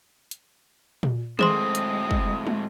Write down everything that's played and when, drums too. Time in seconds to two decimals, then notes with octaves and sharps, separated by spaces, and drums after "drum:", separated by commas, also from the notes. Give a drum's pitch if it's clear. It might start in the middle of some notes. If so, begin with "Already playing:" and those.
0.31 drum: hi-hat
1.03 drum: tom A#2
1.39 A2 G#3 A3 C4 G#4 C5 C6 D#6, drum: tom D#3
1.75 drum: hi-hat
2.11 drum: kick
2.47 drum: tom